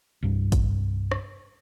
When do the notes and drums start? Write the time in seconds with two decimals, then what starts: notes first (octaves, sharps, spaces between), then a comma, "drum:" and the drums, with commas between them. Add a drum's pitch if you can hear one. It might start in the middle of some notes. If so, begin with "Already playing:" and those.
0.23 C2 G2
0.52 drum: kick G#1, hi-hat
1.11 drum: rim click